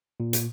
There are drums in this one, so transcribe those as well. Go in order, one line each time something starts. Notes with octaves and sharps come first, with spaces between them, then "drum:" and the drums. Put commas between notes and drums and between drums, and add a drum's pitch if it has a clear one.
A#2
drum: hi-hat